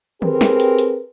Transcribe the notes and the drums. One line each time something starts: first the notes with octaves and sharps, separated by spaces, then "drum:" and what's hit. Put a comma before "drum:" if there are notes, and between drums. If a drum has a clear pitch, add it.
C4 G4 G#4 A#4 B4, drum: tom
drum: snare
drum: hi-hat
drum: hi-hat